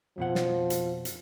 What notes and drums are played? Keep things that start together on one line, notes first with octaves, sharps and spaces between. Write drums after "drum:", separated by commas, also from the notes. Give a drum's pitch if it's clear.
F2 B2 F3 F#5
drum: snare
drum: hi-hat
drum: hi-hat